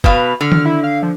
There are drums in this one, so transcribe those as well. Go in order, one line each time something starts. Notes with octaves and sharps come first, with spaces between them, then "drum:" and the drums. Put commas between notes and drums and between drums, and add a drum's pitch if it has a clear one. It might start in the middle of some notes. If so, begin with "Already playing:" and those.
B2 B4 F5, drum: kick
D3 F6
drum: tom D#3
E4
F5
F3